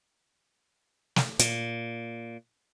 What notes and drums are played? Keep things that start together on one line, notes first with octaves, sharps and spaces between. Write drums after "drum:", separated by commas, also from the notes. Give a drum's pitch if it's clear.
drum: snare
A#2, drum: hi-hat